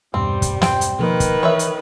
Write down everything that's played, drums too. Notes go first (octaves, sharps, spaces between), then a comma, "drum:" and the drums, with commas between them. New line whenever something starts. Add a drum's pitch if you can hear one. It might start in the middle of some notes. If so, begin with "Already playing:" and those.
E2 G2 B2 G3 C4
drum: kick, hi-hat
C4 G5, drum: snare
drum: hi-hat
B2 D#3 F3 A#3 B4
drum: kick, hi-hat
E3 C#5 E5
drum: hi-hat